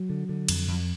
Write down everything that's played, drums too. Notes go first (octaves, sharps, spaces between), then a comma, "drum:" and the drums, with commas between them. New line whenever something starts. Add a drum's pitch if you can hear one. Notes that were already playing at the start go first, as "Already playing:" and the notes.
Already playing: F#3
D3
D3
F2, drum: cymbal
F2